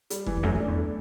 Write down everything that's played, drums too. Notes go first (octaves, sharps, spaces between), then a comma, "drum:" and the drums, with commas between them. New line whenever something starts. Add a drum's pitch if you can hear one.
G3, drum: hi-hat
E3, drum: kick F1
E2
F#2 A3
F#2
D4
E2
A3